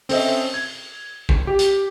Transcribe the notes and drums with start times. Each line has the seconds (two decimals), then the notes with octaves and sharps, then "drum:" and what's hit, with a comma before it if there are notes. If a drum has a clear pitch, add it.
0.09 C4 C#4 A4 C5 D#5 E5, drum: open hi-hat
0.54 G#6
1.29 drum: kick
1.47 G4
1.59 drum: hi-hat